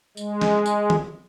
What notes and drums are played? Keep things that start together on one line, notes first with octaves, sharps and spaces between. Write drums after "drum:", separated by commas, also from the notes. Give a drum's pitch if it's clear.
G#3, drum: tambourine
drum: snare
drum: tambourine
drum: tom D#3